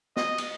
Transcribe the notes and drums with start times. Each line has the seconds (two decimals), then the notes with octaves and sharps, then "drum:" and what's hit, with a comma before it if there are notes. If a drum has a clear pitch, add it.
0.16 D#5, drum: snare
0.38 drum: cymbal